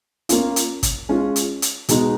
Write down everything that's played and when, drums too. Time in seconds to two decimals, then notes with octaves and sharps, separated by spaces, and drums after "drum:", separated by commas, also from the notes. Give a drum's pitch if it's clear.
0.29 A#3 C#4 F4, drum: hi-hat
0.56 drum: hi-hat
0.83 drum: kick, hi-hat
1.09 G#3 C#4 F4
1.36 drum: hi-hat
1.62 drum: hi-hat
1.89 B2 G#3 D#4, drum: hi-hat